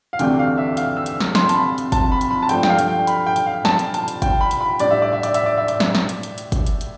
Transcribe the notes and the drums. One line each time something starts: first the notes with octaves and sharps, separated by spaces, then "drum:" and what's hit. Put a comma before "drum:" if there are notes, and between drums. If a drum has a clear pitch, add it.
F5
D2 C3 E3 A3 D4 G5, drum: hi-hat
F5
E5
F5, drum: hi-hat
E6
drum: hi-hat
drum: snare
C6, drum: snare
A5, drum: hi-hat
B5
drum: hi-hat
A5, drum: kick, hi-hat
B5
drum: hi-hat
B5
A5
G2 F3 A3 D4 G5, drum: hi-hat
G5, drum: snare
F5
drum: hi-hat
G5
B5, drum: hi-hat
G5
drum: hi-hat
F5
A5, drum: snare
drum: hi-hat
A5, drum: hi-hat
drum: hi-hat
G5, drum: kick, hi-hat
B5
drum: hi-hat
B5
A2 G3 D4 D5, drum: hi-hat
E5
D5
E5
D5, drum: hi-hat
E5, drum: hi-hat
D5
E5
D5, drum: hi-hat
drum: snare
drum: snare
drum: hi-hat
drum: hi-hat
drum: hi-hat
drum: kick, hi-hat
drum: hi-hat
drum: hi-hat